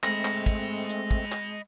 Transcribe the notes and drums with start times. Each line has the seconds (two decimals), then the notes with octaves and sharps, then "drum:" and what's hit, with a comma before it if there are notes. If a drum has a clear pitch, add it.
0.03 G#3 A3 C4 D#5 B5 A#6, drum: clap
0.25 drum: clap
0.46 drum: kick, hi-hat
0.89 drum: hi-hat
1.11 drum: kick
1.32 drum: clap